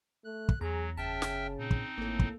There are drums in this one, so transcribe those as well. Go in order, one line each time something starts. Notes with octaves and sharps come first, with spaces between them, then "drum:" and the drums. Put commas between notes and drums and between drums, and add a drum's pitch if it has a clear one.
A3 F#6
drum: kick
E2 F#3 G#4 A#5
F#1 C#3 E5 G5 A5 F6
drum: snare
A#2 C4 D#4
drum: kick
G#1 A2 A#3 A4
drum: kick